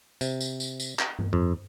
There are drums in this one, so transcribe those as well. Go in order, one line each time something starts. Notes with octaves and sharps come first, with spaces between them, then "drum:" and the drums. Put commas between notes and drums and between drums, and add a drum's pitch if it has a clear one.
C3, drum: tambourine
drum: tambourine
drum: tambourine
drum: tambourine
drum: clap
drum: tom G2
F2